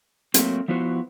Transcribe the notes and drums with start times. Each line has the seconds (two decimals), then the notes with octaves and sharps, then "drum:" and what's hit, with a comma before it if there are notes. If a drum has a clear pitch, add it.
0.34 F#3 A3 A#3 C4, drum: hi-hat
0.68 F3 B3 E4 F#4 C5